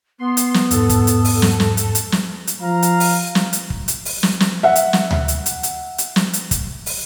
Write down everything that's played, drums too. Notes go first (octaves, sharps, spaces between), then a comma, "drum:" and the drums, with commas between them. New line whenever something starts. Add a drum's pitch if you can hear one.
B3 C6
drum: hi-hat
drum: snare
E2 G#2 A4, drum: hi-hat
drum: kick, hi-hat
drum: hi-hat
drum: open hi-hat
drum: snare
drum: snare
drum: hi-hat
drum: hi-hat
drum: snare
drum: hi-hat
F3 F5 A#5
drum: hi-hat
drum: open hi-hat
drum: snare
drum: hi-hat
drum: kick
drum: hi-hat
drum: open hi-hat
drum: snare
drum: snare
E5 F#5
drum: hi-hat
drum: snare
drum: tom D2
drum: hi-hat
drum: hi-hat
drum: hi-hat
drum: hi-hat
drum: snare
drum: hi-hat
drum: kick, hi-hat
drum: open hi-hat